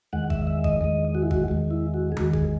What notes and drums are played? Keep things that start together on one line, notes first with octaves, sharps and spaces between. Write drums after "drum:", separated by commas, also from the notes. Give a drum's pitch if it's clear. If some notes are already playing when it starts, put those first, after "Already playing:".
E2 D#3 G#3 F#5
E5, drum: kick G#1
E5
D#5, drum: kick G#1
E2 D#3 G#3 D#5
F#4
E4
F#4, drum: kick G#1
E2 D#3 G#3
E4
F#4
G#4
E2 D#3 G#3 F#4, drum: tom D#3
G#4, drum: kick G#1